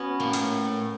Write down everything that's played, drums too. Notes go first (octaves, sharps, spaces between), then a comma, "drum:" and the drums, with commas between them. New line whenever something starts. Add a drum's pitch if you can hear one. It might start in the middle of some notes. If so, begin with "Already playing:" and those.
Already playing: B3 C#4 F#4
A2 A#3
drum: hi-hat